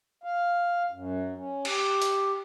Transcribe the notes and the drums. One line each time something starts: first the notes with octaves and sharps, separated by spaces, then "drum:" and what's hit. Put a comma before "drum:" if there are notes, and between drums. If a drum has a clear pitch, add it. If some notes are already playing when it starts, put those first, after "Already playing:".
F5
F#2
C#4
G4, drum: cymbal
drum: hi-hat